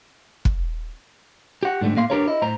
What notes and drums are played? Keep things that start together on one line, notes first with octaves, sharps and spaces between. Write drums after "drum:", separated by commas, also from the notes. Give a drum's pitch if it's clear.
drum: kick
G4 F#5
G#2 D3 G3 A3
A2 A#3 F5 C6
D4 G4 A#4 B4 C#5
E4 D#5
A2 C5 A#5